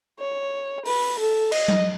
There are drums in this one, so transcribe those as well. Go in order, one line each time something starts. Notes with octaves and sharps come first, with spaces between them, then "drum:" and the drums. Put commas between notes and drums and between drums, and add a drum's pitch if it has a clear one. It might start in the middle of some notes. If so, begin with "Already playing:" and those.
C#5
B4, drum: open hi-hat
A4
D#5, drum: cymbal
drum: tom F#3